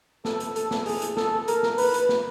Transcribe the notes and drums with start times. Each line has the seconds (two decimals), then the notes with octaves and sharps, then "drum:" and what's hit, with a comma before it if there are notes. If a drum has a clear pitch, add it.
0.25 A4, drum: snare
0.40 drum: hi-hat
0.56 A4, drum: hi-hat
0.71 drum: snare
0.86 G#4, drum: open hi-hat
1.02 drum: hi-hat
1.17 A4, drum: snare
1.48 A#4, drum: hi-hat
1.63 drum: snare
1.78 B4, drum: open hi-hat
1.94 drum: hi-hat
2.09 drum: snare